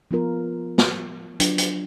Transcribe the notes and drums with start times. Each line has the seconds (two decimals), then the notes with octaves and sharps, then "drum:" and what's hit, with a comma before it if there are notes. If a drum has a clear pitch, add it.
0.11 F3 B3 F4 A#4
0.78 drum: snare
1.40 F#3 D4 F4, drum: hi-hat
1.58 drum: hi-hat